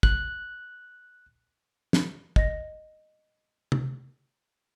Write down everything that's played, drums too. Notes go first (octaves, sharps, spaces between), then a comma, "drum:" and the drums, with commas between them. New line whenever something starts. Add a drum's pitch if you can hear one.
F#6, drum: kick
drum: snare
D#5 A#6, drum: kick
drum: tom